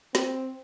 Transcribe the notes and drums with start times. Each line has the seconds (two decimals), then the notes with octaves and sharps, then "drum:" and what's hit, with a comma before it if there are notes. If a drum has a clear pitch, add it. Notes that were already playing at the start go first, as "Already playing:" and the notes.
0.15 C4, drum: snare